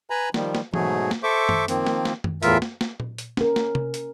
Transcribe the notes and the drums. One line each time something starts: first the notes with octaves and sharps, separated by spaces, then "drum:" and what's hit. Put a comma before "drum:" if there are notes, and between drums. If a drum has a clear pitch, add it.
B4 G#5 A#5 B5
D#3 F3 G3, drum: snare
drum: snare
G#2 B2 F#3 A3 G#4, drum: tom E3
drum: snare
A4 C5 E5 C#6 D6
drum: tom
D#3 F3 A#3 C4, drum: hi-hat
drum: snare
drum: snare
drum: tom
E2 A2 E3 F4 A#4 E5, drum: hi-hat
drum: snare
drum: snare
drum: tom A#2
drum: hi-hat
C#4 A#4, drum: snare
drum: snare
drum: tom C3
drum: hi-hat